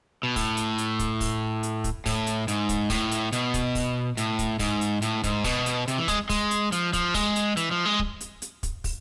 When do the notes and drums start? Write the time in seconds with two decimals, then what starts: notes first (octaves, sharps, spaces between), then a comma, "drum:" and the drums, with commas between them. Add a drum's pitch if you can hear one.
0.23 B2
0.36 A2, drum: kick, open hi-hat
0.57 drum: hi-hat
0.78 drum: hi-hat
0.99 drum: kick, hi-hat
1.21 drum: kick, open hi-hat
1.63 drum: hi-hat
1.84 drum: kick, hi-hat
2.06 A2, drum: kick, open hi-hat
2.27 drum: hi-hat
2.48 G#2, drum: hi-hat
2.69 drum: kick, hi-hat
2.90 A2, drum: kick, open hi-hat
3.11 drum: hi-hat
3.32 B2, drum: hi-hat
3.54 drum: kick, hi-hat
3.75 drum: kick, open hi-hat
4.17 A2, drum: hi-hat
4.39 drum: kick, hi-hat
4.59 G#2, drum: kick, open hi-hat
4.81 drum: hi-hat
5.02 A2, drum: hi-hat
5.24 G#2, drum: kick, hi-hat
5.44 B2, drum: kick, open hi-hat
5.66 drum: hi-hat
5.88 C3, drum: hi-hat
5.98 E3
6.08 G#3, drum: kick, hi-hat
6.29 G#3, drum: kick, open hi-hat
6.51 drum: hi-hat
6.72 F3, drum: hi-hat
6.93 F3, drum: kick, hi-hat
7.14 G#3, drum: kick, open hi-hat
7.36 drum: hi-hat
7.57 E3, drum: hi-hat
7.71 F3
7.85 G#3
7.99 drum: kick
8.21 drum: hi-hat
8.42 drum: hi-hat
8.63 drum: kick, hi-hat
8.84 drum: kick, open hi-hat